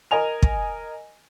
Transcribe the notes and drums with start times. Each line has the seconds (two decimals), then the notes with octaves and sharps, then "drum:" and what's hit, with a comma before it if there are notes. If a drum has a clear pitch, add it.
0.11 A#4 D#5 G#5 F7
0.42 drum: kick